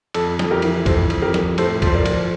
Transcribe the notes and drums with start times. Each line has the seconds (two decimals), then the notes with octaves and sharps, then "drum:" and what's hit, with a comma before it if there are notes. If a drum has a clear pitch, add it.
0.14 F2 A4, drum: cymbal
0.39 F2, drum: snare
0.51 G4 A#4
0.62 E3, drum: cymbal
0.86 F2 A4 C5, drum: kick C#2, cymbal
1.10 F2, drum: cymbal
1.22 G4 A#4
1.34 F2, drum: snare
1.58 A2 A4 C5, drum: cymbal
1.82 F3 C5, drum: kick C#2, cymbal
1.94 A#4 D5
2.06 F3, drum: cymbal